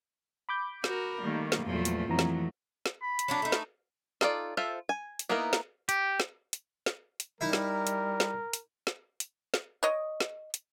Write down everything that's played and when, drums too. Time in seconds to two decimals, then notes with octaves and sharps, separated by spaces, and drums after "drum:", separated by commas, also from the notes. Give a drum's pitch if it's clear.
0.49 B5 D6 G6
0.84 F#4 A#4, drum: snare
1.22 D#3 G3 A3 A#3
1.52 drum: snare
1.65 E2 A#2 F3 F#3 A3
1.85 drum: hi-hat
2.10 F2 E3 F#3 A3 A#5
2.19 drum: snare
2.86 drum: snare
3.02 B5
3.19 drum: hi-hat
3.28 F#3 A#3 D4
3.42 A3 D#4
3.52 drum: snare
4.21 D#4 F4 A4 A#4 D5, drum: snare
4.57 F4 A4 C5 E5
4.89 G#5
5.19 drum: hi-hat
5.29 A#3 B3 D#4 E4 A#4
5.53 drum: snare
5.89 G4, drum: hi-hat
6.20 drum: snare
6.53 drum: hi-hat
6.86 drum: snare
7.20 drum: hi-hat
7.41 G3 D#4 E4 A#4 E5
7.53 drum: snare
7.87 drum: hi-hat
8.20 drum: snare
8.53 drum: hi-hat
8.87 drum: snare
9.20 drum: hi-hat
9.54 drum: snare
9.83 C#5 D#5
10.20 drum: snare
10.54 drum: hi-hat